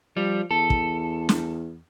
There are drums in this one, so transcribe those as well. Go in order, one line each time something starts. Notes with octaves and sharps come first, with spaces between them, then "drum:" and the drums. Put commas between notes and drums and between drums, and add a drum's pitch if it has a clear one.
F3 G3
E2 A4
drum: kick
drum: snare